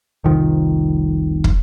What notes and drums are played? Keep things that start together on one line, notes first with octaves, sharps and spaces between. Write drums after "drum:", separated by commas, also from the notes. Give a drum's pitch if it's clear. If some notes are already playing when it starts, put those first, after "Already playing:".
F1 C2 D#3 F3
drum: kick